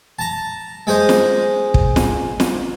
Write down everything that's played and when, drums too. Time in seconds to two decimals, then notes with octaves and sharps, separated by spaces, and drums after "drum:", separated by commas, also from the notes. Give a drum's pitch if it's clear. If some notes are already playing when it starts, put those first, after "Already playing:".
0.19 A5 A#5
0.87 G#3 G#4 C5 D#5
1.09 drum: snare
1.74 drum: kick
1.96 drum: snare
2.40 drum: snare